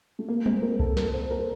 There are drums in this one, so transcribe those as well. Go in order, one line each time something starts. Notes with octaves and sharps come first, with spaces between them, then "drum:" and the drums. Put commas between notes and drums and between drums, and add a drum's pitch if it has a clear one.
A3
A#3
C4, drum: tom G3
A#4
A4, drum: kick C2
A#4, drum: snare
C5
A#4